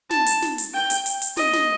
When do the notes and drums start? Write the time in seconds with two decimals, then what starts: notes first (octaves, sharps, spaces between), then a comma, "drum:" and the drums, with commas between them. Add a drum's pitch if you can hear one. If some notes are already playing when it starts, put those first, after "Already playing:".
0.11 A5, drum: snare
0.26 drum: hi-hat
0.42 drum: snare
0.58 drum: hi-hat
0.74 G5
0.90 drum: hi-hat
1.06 drum: hi-hat
1.22 drum: hi-hat
1.37 D#5, drum: snare
1.53 drum: snare